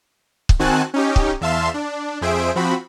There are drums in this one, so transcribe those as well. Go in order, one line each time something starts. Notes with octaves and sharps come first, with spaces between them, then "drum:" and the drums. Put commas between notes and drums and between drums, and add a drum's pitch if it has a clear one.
drum: kick
D#3 C4 F#4 G#5 A5 F#6
C#4 D#4 G4
drum: kick
E2 E5 F5 A5 C6 E7
D4
F2 G#4 C5 E5 D7
F3 C4 F#4 B5